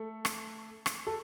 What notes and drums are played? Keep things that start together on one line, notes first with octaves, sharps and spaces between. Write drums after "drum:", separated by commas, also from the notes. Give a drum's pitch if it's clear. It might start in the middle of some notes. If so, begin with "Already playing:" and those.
Already playing: A3 A4
drum: rim click
drum: rim click
A4